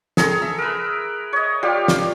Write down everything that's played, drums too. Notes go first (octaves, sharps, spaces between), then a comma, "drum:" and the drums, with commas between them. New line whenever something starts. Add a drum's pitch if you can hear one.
G#4 A4 A#5 C6, drum: snare
E5
A#4 B4
C#5 D#5
G3 F4 G4 F5
drum: snare